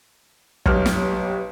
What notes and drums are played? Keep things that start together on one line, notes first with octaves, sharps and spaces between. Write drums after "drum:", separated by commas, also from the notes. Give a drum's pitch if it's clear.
B1 G4 B4 C#5 F6, drum: kick
drum: snare